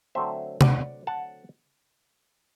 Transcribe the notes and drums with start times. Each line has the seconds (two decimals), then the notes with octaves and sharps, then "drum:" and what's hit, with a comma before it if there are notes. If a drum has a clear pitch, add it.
0.15 D3 F#3 A3 C4 C5 E5
0.61 D5 F#5, drum: tom C3
1.07 F#5 A5